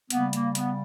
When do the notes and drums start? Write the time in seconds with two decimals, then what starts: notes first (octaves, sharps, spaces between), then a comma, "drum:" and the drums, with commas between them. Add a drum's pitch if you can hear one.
0.10 C#3 G3 A#3 B3, drum: hi-hat
0.33 A#3, drum: hi-hat
0.55 B3, drum: hi-hat